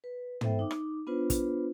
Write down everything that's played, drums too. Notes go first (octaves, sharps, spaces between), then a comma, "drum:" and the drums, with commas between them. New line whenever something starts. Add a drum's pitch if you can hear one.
B4
B3 A4 C5 E5 G5, drum: tom
D#4 D6
drum: rim click
B3 D4 F4 B4 C5
drum: kick, hi-hat